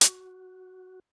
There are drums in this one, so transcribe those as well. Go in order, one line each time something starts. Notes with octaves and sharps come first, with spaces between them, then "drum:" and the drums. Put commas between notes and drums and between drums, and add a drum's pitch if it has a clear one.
F#4, drum: hi-hat